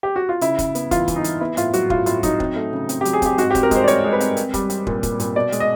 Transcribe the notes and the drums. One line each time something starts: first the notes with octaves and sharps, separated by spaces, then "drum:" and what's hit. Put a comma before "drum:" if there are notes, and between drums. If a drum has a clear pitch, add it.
G4
F#4
F4
C#3 E4, drum: hi-hat
C#3, drum: kick, hi-hat
B3, drum: hi-hat
E3 F4, drum: kick, hi-hat
E3, drum: kick, hi-hat
D#4
E3, drum: hi-hat
B3 E4
A2 F4, drum: hi-hat
F#3 F#4, drum: hi-hat
A2 F4, drum: kick
A2 F4, drum: hi-hat
F#3 D#4, drum: kick, hi-hat
C4, drum: kick
A3
C#3
C4, drum: hi-hat
G4
F#3, drum: hi-hat
G#4
C4 G4, drum: kick, hi-hat
G#2 F#4, drum: hi-hat
G4
C4, drum: kick, hi-hat
A#4
G#3 C5, drum: kick, hi-hat
D5
C4 C#5, drum: hi-hat
G#3
B4
C4, drum: hi-hat
C4, drum: hi-hat
G3, drum: kick, hi-hat
C4, drum: hi-hat
A#2, drum: kick
A#2, drum: kick, hi-hat
A#2, drum: hi-hat
B2 D5
G#3, drum: hi-hat
D#5